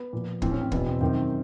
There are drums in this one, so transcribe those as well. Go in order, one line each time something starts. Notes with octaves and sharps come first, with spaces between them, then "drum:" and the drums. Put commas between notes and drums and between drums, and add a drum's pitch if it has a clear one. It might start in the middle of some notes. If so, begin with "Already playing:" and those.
Already playing: B3
A#2 F3
A2 E3 C4, drum: kick
C#4
C4
E2 B2 B3, drum: kick
C4
F#2 D#3 C4